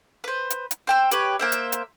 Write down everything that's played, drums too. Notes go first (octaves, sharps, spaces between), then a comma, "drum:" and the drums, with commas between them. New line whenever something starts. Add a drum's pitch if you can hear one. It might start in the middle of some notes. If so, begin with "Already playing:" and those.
B4 C5
drum: hi-hat
drum: hi-hat
C5 G5 E6
G4 B4 C#5, drum: hi-hat
A#3 C5 E5
drum: hi-hat
drum: hi-hat